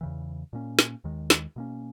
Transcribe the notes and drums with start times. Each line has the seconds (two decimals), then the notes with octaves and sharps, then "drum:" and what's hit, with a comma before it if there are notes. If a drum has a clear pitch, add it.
0.01 E2 C#3 E3
0.53 A#2 A#3 C#4
0.79 drum: snare
1.04 D#2 D#3 G#3
1.30 drum: snare
1.56 B2 A#3 C#4